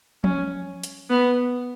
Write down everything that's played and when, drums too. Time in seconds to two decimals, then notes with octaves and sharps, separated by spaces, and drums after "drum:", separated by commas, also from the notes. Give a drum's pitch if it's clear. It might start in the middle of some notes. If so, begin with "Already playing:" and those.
0.24 C#4, drum: tom F3
0.84 drum: hi-hat
1.10 B3